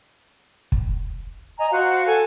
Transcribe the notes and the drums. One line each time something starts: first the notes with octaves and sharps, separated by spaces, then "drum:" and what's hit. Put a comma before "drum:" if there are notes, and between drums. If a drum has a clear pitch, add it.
drum: kick
D#5 G#5 A#5
F#4 C5 F5 F#5
A4 G#5